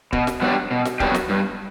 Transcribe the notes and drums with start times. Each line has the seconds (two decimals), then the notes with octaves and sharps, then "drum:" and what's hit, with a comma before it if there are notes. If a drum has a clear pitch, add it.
0.13 B2, drum: kick
0.27 drum: snare
0.42 F#3 B3 D4 G4
0.71 B2
0.85 drum: snare
1.00 F#3 B3 D4 G4, drum: kick
1.15 drum: snare
1.29 G2